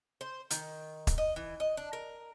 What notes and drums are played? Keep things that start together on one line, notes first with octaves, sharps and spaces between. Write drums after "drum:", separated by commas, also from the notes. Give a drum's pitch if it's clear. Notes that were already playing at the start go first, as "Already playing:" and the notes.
C5
D#3, drum: hi-hat
drum: kick, hi-hat
D#5
E3
D#5
D4
A#4